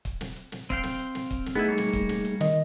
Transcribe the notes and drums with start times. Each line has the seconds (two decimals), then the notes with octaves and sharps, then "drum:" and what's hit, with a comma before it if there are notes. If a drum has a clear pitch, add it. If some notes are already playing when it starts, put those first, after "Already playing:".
0.05 drum: kick, hi-hat
0.21 drum: snare
0.36 drum: hi-hat
0.52 drum: snare
0.70 C4 F5 G5, drum: kick, hi-hat
0.83 drum: snare
0.99 drum: hi-hat
1.15 drum: snare
1.31 drum: kick, hi-hat
1.46 drum: snare
1.55 A3 B3 D#4 E4 G#4
1.68 G3 A#3 C#5
1.78 drum: snare
1.93 drum: kick, hi-hat
2.09 drum: snare
2.25 drum: hi-hat
2.41 D#3 D#5, drum: snare